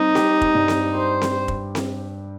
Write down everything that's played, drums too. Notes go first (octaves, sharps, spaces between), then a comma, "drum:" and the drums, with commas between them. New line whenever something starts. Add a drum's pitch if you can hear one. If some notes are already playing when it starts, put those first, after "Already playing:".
Already playing: G3 C4 D#4
G4, drum: snare C4
drum: kick
G2
drum: snare C4
G4 C5
drum: snare C4
drum: kick
drum: snare C4